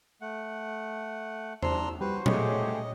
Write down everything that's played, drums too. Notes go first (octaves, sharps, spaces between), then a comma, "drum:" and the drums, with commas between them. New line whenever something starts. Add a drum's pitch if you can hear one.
A3 F#5
D4 C5 A#5 C6 E6, drum: tom E2
G3 F#4 B4 C5
A3 G4 G#4 C#5 D#5, drum: tom A#2